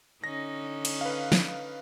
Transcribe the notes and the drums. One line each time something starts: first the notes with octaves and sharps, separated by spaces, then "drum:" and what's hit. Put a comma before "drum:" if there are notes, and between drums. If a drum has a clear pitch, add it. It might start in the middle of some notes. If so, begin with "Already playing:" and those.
D3 C#4 D#4 A#6
drum: cymbal
B4 F5
drum: snare